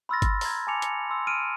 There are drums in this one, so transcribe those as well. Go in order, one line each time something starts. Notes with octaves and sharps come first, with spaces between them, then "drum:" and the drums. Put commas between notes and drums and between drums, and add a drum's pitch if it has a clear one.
B5 C6 E6 F6 A6 A#6
drum: kick G1, hi-hat
A#5 G#6, drum: open hi-hat
G#5 A5 D6 C#7 F7
C#7 F7, drum: hi-hat
C6 E6
F6 D7 D#7